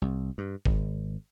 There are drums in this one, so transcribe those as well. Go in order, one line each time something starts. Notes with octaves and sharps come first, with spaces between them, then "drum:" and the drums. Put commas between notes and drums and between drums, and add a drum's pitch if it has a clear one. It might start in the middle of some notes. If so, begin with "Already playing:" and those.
C2
G2
G#1, drum: kick G1